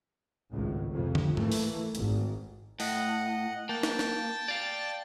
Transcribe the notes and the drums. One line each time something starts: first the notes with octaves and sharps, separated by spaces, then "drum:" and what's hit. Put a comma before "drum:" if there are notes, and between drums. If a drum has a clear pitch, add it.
G#1 C#2 A2
F2 C3
drum: tom
E3 A3 A#3, drum: tom G#2
drum: open hi-hat
G#1 G#2, drum: hi-hat
A2 D#5 F#5, drum: open hi-hat
A#3 G5 A5
drum: snare
drum: snare
D5 F5